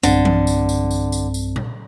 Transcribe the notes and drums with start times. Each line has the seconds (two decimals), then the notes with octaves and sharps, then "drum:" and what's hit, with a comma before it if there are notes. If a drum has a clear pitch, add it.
0.03 B1 G2 D3 C4, drum: tambourine
0.25 drum: tom E3
0.47 drum: tambourine
0.69 drum: tambourine
0.91 drum: tambourine
1.12 drum: tambourine
1.34 drum: tambourine
1.56 drum: tom A#2